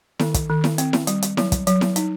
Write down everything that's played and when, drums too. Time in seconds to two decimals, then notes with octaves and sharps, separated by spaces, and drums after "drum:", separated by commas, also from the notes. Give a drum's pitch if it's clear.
0.19 D#3, drum: snare E4
0.34 drum: kick, hi-hat
0.49 D#3
0.64 drum: snare E4
0.78 C4, drum: hi-hat
0.93 drum: snare E4
1.07 G3, drum: hi-hat
1.22 drum: hi-hat
1.37 F#3, drum: snare E4
1.52 drum: kick, hi-hat
1.67 F#3, drum: hi-hat
1.81 drum: snare E4
1.96 D#4, drum: hi-hat